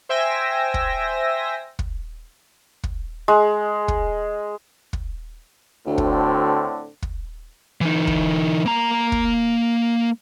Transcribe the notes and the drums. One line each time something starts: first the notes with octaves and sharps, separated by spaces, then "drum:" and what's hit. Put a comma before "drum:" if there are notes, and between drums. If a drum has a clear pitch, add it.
C5 E5 G5 G#5 E6 A#6
drum: kick
drum: kick
drum: kick
G#3
drum: kick
drum: kick
D2 A2 D3 C4
drum: kick
drum: kick
E3 D#4
drum: kick
A#3 A#5
drum: kick